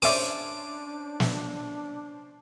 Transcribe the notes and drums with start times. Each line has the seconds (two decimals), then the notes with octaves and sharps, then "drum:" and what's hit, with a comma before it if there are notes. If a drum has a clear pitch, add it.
0.02 C#4 D4 C5 D5 E5 D6 D#7, drum: open hi-hat
1.20 drum: snare